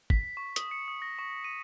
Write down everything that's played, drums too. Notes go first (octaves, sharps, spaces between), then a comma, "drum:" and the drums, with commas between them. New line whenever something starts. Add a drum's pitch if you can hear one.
B6, drum: kick
C#6
D#6, drum: hi-hat
C#7
D#6
A#6
C#6
D#7